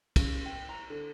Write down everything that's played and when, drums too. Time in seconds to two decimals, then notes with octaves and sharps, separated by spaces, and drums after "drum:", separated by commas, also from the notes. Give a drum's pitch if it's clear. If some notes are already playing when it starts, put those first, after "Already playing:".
0.16 C#3, drum: kick, cymbal
0.46 G5
0.69 A#5
0.90 D3